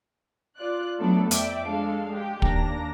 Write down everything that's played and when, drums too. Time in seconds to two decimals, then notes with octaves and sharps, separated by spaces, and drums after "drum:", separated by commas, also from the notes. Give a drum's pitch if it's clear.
0.58 F4 D5 F#6
1.00 F#3 A3 B3 D4 A4 D5
1.31 F2 D5 E5 G5 D6, drum: hi-hat
1.67 G#3 D4 A4 F5
2.09 G#3 G4
2.42 D#2 A#3 D4 A#5 A#6, drum: kick